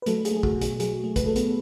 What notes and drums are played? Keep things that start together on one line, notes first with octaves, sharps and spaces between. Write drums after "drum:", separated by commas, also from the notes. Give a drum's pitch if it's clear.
B4
F#3 A3 A4, drum: hi-hat
G#4, drum: hi-hat
A3
G#4
F#4, drum: kick
B2
G#4, drum: hi-hat
F#3 G#4, drum: hi-hat
A3
B4, drum: kick, hi-hat
A3 A4
B3 B4, drum: hi-hat